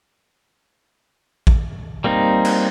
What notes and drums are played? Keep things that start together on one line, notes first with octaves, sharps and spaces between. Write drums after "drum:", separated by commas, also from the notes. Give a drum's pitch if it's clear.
drum: kick A1
G3 A#3 C4 D#4
drum: cymbal